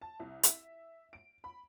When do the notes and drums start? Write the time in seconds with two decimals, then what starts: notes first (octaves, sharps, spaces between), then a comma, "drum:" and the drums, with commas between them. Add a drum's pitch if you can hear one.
0.02 A5
0.20 C2
0.43 E5, drum: hi-hat
1.13 D7
1.44 B5